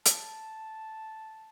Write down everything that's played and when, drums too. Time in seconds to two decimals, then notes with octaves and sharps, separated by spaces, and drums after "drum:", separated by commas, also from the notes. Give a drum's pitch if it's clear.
0.05 A5, drum: hi-hat